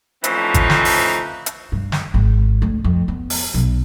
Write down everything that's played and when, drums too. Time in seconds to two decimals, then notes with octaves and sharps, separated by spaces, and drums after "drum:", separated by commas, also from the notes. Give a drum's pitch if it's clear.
0.24 E3 F3 A3 C4 C#4 D#4, drum: hi-hat
0.54 drum: kick G#1, hi-hat
0.70 drum: snare
0.85 drum: open hi-hat
1.46 drum: hi-hat
1.72 G2
1.92 drum: snare
2.14 G#1
2.62 D2
2.84 F2
3.08 B3
3.30 drum: open hi-hat
3.54 B1